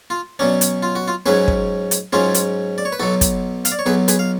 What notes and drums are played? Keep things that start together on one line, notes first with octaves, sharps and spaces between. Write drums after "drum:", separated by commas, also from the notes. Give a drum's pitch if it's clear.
F4
B2 F#3 C#4 D4
drum: hi-hat
F4
F#4
F4
G#2 F#3 C#4 G#4 B4
drum: kick
drum: hi-hat
G#2 F#3 C#4 F4 G#4
drum: hi-hat
D5
C#5
B4
B1 B2 F#3 F#4 A4
drum: kick, hi-hat
F5, drum: hi-hat
D5
C#5
B1 B2 F#3 G#4 B4
G#4 B4, drum: hi-hat
F5